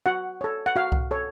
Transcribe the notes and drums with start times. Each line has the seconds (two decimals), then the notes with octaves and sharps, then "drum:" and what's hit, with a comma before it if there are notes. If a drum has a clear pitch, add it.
0.06 F#4 F#5
0.41 A4 C#5
0.66 F#5
0.76 F#4 F5
0.92 drum: kick C2
1.11 A4 C#5